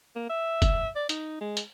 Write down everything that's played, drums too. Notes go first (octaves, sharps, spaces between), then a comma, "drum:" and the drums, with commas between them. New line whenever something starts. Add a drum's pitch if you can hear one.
A#3
E5
drum: kick, hi-hat
D5
D#4, drum: hi-hat
G#3
drum: hi-hat